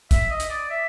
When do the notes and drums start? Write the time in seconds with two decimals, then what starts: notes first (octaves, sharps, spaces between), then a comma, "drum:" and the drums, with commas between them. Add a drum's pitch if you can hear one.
0.11 E5, drum: kick, hi-hat
0.30 D#5
0.40 drum: hi-hat
0.50 D5
0.70 E5